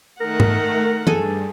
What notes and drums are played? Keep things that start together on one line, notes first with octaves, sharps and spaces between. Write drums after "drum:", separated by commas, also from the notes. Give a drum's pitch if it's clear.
D#3 A3 A#4 F#5
drum: tom G#2
G2 G#4 A4 G#5, drum: tom E3